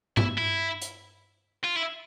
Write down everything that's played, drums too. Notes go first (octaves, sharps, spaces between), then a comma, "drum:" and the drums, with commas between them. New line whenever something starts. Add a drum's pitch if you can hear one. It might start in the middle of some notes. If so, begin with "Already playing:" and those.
E4, drum: tom G2
E4
drum: hi-hat
F4
E4